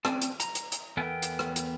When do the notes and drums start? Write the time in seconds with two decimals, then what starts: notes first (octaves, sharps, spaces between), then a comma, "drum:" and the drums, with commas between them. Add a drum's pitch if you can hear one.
0.05 C4 C#4 D5 A5, drum: rim click
0.21 drum: hi-hat
0.40 A#5, drum: hi-hat
0.55 drum: hi-hat
0.72 drum: hi-hat
0.97 E2 B3 A4 A#4 G5 G#5
1.22 drum: hi-hat
1.39 drum: rim click
1.56 drum: hi-hat